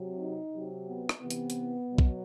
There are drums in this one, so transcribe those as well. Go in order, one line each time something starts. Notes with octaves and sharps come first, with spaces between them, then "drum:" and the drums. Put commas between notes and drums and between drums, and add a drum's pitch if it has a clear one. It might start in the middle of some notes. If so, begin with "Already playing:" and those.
Already playing: C3 F#3
D#4
C3 F#3
B3
drum: rim click
C3 E3 B3
drum: hi-hat
drum: hi-hat
B2 F#3
drum: kick